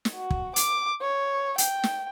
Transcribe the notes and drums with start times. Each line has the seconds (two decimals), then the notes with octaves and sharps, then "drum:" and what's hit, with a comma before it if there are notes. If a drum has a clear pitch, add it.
0.05 drum: snare
0.15 F#4
0.31 drum: kick
0.56 D6, drum: hi-hat
1.01 C#5
1.58 G5, drum: hi-hat
1.84 drum: snare